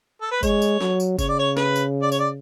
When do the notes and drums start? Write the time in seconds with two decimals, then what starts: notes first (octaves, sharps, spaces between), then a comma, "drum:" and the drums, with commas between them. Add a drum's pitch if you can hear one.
0.22 A4
0.32 B4
0.43 G#3 C#5, drum: kick F#1, tambourine
0.62 drum: tambourine
0.81 F#3, drum: snare
1.00 drum: tambourine
1.19 C#3 C#5, drum: kick F#1, tambourine
1.29 D5
1.39 C#5
1.57 B4, drum: snare
1.76 drum: tambourine
2.02 D5
2.12 C#5, drum: tambourine
2.19 D5